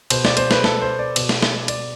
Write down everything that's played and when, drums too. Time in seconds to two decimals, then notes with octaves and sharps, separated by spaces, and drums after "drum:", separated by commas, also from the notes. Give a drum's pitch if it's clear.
0.10 B2 C5, drum: cymbal
0.25 D5, drum: snare
0.37 C5, drum: cymbal
0.51 B4, drum: snare
0.64 A4, drum: snare
0.82 C5
0.99 D5
1.16 B2, drum: cymbal
1.29 drum: snare
1.42 drum: snare
1.68 D5, drum: cymbal